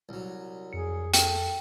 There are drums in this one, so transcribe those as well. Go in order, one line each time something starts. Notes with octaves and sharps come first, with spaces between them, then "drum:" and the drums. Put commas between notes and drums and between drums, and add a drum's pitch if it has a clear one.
C2 F#3
F2 G#4 C#7
A4 G5, drum: hi-hat